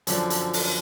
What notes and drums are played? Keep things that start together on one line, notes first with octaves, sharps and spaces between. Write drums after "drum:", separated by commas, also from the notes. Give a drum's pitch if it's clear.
F#2 D3 F3, drum: hi-hat
drum: hi-hat
drum: open hi-hat